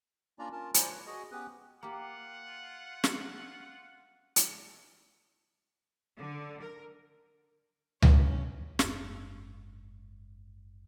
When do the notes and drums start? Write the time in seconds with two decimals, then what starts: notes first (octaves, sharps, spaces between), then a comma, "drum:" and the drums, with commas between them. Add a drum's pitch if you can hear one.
0.39 A#3 C#4 D4 F4 D5 A#5
0.52 C#4 F4 A#4 A5
0.74 F4 C5 D5 G#5 A#5 B5, drum: hi-hat
0.91 B4 C#5
1.07 F#4 G#4 D#5
1.32 B3 C#4 G4 B4 D#6 F#6
1.83 A#3 F4 G4 F#5
3.04 drum: snare
4.36 drum: hi-hat
6.16 D3
6.62 A#4
8.02 C#4, drum: tom C#2
8.79 F#1 G#2, drum: snare